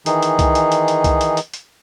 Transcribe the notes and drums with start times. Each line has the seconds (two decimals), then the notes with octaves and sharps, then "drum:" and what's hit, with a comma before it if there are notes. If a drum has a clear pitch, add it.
0.06 D#3 E3 D#4 G#4, drum: hi-hat
0.23 drum: hi-hat
0.39 drum: kick C2, hi-hat
0.55 drum: hi-hat
0.72 drum: hi-hat
0.88 drum: hi-hat
1.04 drum: kick C2, hi-hat
1.21 drum: hi-hat
1.37 drum: hi-hat
1.54 drum: hi-hat